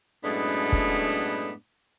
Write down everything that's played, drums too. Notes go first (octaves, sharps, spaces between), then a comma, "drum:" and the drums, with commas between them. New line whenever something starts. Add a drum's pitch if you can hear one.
F#2 A2 G#3 A3 B3 D4
drum: kick